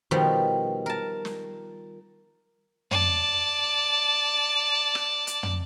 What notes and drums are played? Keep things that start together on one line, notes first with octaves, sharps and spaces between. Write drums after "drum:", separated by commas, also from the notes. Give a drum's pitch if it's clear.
B2 D#3 F3 G3
A#4 A5
drum: snare
D5 A5, drum: tom
drum: rim click
drum: hi-hat
drum: tom